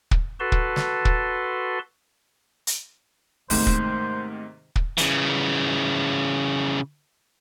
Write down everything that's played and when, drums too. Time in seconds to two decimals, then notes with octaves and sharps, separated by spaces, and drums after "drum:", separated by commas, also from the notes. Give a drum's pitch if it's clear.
0.11 drum: kick
0.40 F#4 A4 B4 A5 C6
0.52 drum: kick
0.76 drum: snare
1.05 drum: kick
2.67 drum: hi-hat
3.50 G#2 C3 D#3 A3 A#3 C5, drum: open hi-hat
3.67 drum: kick
4.76 drum: kick
4.98 C#3 E3, drum: hi-hat